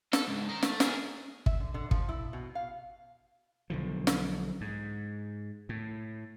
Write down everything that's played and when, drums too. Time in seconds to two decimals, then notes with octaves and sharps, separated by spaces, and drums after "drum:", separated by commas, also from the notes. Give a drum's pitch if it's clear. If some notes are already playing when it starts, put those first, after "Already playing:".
0.13 A4, drum: snare
0.28 C#2 G#2
0.49 D#4 A#4
0.63 A3, drum: snare
0.80 G#4 A#4, drum: snare
1.46 E5, drum: kick
1.60 D3
1.74 D3
1.91 F3, drum: kick
2.09 E4
2.33 B2
2.55 F5
3.70 B1 D3 F3
4.07 drum: snare
4.61 G#2
5.69 A2